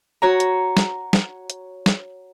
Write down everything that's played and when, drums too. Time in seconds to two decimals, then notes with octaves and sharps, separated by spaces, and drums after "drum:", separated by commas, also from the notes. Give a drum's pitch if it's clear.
0.22 F#4 C#5 A#5
0.40 drum: hi-hat
0.77 drum: snare
1.13 drum: snare
1.50 drum: hi-hat
1.86 drum: snare